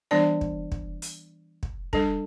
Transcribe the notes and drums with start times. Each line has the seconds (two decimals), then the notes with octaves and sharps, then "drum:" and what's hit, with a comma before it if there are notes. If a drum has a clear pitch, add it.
0.11 E3 G3 B3 D4 D5
0.41 drum: kick
0.72 drum: kick
1.02 drum: hi-hat
1.63 drum: kick
1.93 G3 D4 A4, drum: kick